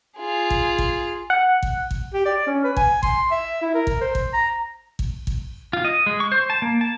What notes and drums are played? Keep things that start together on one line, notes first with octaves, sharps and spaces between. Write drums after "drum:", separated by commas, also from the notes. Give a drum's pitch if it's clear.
F4 G#4
drum: kick G#1
drum: kick G#1
F#5
drum: kick G#1
drum: kick G#1
G4
D5
C#4
B4
G#5, drum: kick G#1
C6, drum: kick G#1
E5
E4
A#4
drum: kick G#1
C5
drum: kick G#1
A#5
drum: kick G#1
drum: kick G#1
F4
D#5
G#3
C#6
C5
A5
A#3
A5